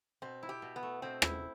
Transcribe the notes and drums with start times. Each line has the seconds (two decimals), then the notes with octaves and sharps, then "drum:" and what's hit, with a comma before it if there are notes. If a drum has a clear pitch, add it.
0.22 B2 C4
0.43 E4
0.49 G4
0.62 B2
0.76 B3
0.83 A3
1.02 B2 C4
1.22 E4, drum: rim click